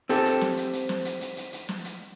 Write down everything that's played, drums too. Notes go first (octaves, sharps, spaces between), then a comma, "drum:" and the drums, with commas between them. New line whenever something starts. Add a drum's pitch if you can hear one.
C4 G4 A4, drum: hi-hat
drum: hi-hat
drum: snare
drum: hi-hat
drum: hi-hat
drum: snare
drum: hi-hat
drum: hi-hat
drum: hi-hat
drum: hi-hat
drum: snare
drum: hi-hat